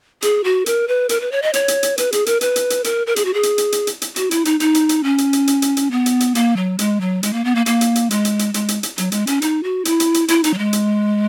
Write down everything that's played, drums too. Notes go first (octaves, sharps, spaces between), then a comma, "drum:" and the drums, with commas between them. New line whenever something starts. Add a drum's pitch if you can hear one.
G#4, drum: hi-hat
F#4
A#4, drum: hi-hat
B4
A#4, drum: hi-hat
B4
C#5
D#5
C#5, drum: hi-hat
drum: hi-hat
drum: hi-hat
B4, drum: hi-hat
G#4, drum: hi-hat
A#4, drum: hi-hat
B4, drum: hi-hat
drum: hi-hat
drum: hi-hat
A#4, drum: hi-hat
A#4
G#4, drum: hi-hat
F#4
G#4
drum: hi-hat
drum: hi-hat
drum: hi-hat
drum: hi-hat
drum: hi-hat
F#4, drum: hi-hat
E4, drum: hi-hat
D#4, drum: hi-hat
D#4, drum: hi-hat
drum: hi-hat
drum: hi-hat
C#4
drum: hi-hat
drum: hi-hat
drum: hi-hat
drum: hi-hat
drum: hi-hat
B3
drum: hi-hat
drum: hi-hat
A#3, drum: hi-hat
F#3
G#3, drum: hi-hat
F#3
G#3, drum: hi-hat
A#3
B3
A#3
A#3, drum: hi-hat
drum: hi-hat
drum: hi-hat
G#3, drum: hi-hat
drum: hi-hat
drum: hi-hat
G#3, drum: hi-hat
drum: hi-hat
drum: hi-hat
F#3, drum: hi-hat
G#3, drum: hi-hat
C#4, drum: hi-hat
D#4, drum: hi-hat
F#4
E4, drum: hi-hat
drum: hi-hat
drum: hi-hat
E4, drum: hi-hat
D#4, drum: hi-hat
F#3
G#3
drum: hi-hat